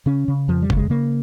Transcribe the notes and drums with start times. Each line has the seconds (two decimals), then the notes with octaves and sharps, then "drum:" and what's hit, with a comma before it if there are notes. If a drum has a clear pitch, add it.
0.06 C#3 C#4
0.28 C#3
0.48 F2 F3
0.62 G3
0.70 C#3, drum: kick
0.77 G#3
0.90 C#3 A#3